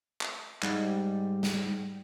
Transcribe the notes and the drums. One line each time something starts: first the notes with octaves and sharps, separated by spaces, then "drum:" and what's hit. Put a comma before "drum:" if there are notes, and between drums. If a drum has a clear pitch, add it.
drum: clap
G#2 G3, drum: clap
drum: snare